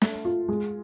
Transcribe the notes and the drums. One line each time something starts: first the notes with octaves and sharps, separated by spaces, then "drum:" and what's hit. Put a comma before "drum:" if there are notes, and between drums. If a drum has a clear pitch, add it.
A3, drum: snare
F4
G#3